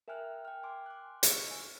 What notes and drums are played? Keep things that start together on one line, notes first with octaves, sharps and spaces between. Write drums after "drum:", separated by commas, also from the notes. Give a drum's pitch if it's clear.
A#4 E5 G5 G#5 F6 F#6
G5 F6
G#5 C6 D6
D6 F#6
C#6 E6 F6 C#7, drum: hi-hat
G#5